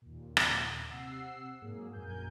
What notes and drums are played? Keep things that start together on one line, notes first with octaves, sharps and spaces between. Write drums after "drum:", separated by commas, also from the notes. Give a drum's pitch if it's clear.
D#2 A#2
drum: rim click
C3 F#5 E6 C7
G#2 F#3 A#3 G#4
A#1 F#2 A#4 G#5 G6